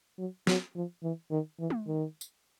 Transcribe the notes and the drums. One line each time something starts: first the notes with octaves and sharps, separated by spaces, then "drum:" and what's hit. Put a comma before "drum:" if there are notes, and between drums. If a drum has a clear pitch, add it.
F#3
F#3, drum: snare
F3
E3
D#3
E3
drum: tom G#3
D#3
drum: tambourine